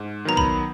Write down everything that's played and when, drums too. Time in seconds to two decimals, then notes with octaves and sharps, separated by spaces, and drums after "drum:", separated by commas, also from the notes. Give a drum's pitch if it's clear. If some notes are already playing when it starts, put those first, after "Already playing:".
Already playing: G#2
0.25 D#3 F#3 B3 A#5
0.37 B5, drum: kick A#1